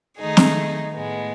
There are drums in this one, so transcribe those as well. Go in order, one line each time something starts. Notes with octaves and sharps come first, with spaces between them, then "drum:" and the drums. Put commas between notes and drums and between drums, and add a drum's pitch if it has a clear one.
D#3 A3 D#4 G#4
drum: snare
A2 G#3 B3